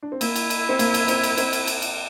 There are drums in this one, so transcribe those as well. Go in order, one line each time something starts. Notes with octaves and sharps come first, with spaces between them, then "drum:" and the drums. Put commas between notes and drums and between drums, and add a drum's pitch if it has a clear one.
D4
C4
A#3 E4, drum: cymbal
drum: cymbal
drum: cymbal
C4
A#3, drum: cymbal
drum: cymbal
C4, drum: cymbal
drum: cymbal
C4, drum: cymbal
drum: cymbal
drum: cymbal
drum: cymbal